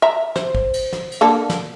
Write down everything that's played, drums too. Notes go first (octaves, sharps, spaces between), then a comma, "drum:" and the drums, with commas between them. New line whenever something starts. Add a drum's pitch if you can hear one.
E5 A#5
C5, drum: snare
drum: kick
drum: cymbal
drum: snare
drum: cymbal
D3 A#3 A4
drum: snare